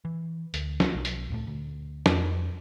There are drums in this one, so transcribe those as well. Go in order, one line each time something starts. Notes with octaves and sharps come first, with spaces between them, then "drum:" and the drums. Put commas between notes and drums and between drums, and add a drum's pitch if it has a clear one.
E3
D2, drum: hi-hat
drum: snare
B1
drum: hi-hat
D2 A#2 A3
D2
F2, drum: snare